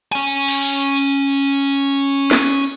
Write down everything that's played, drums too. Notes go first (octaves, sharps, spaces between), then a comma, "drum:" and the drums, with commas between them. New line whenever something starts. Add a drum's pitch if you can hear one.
C#4 G#5, drum: hi-hat
drum: cymbal
drum: hi-hat
drum: snare